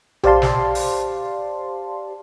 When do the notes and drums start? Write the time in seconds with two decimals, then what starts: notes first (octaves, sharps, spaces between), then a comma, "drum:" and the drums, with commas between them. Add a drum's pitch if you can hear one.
0.24 G4 C5 D5 F5 A5 C6, drum: tom A#1
0.42 drum: snare
0.75 drum: open hi-hat